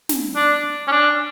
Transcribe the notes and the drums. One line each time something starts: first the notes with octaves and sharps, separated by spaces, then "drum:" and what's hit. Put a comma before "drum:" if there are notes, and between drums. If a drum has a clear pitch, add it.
drum: snare
D4
C#4
D4